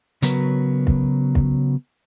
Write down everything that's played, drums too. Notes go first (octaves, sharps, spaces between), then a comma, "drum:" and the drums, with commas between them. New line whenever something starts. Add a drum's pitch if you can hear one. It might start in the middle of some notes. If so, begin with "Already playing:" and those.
C#3 F#3 B3 F#4 A#4 B4, drum: hi-hat
drum: kick
drum: kick